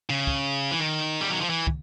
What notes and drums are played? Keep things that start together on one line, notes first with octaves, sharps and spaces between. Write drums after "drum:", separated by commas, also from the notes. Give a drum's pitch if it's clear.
C#3
drum: kick
E3
D#3
G3
F#3
F3
E3
drum: kick